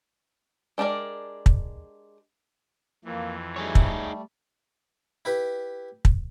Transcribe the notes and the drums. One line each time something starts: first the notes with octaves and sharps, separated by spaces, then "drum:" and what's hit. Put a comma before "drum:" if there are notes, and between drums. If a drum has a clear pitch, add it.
G#3 D4 G4 A#4 D5
drum: kick
F2 E3 A#3
G3 A3 D#4 G#4 C#5
drum: kick
E4 G4 B4
drum: kick